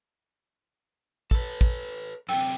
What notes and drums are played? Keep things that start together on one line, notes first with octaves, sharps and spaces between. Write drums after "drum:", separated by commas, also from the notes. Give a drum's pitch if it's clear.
A4 B4, drum: kick
drum: kick
F#2 C3 G5 E6, drum: cymbal